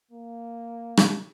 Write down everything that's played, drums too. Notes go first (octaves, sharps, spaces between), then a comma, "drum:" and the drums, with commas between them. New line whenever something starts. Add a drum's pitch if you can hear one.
A#3
drum: rim click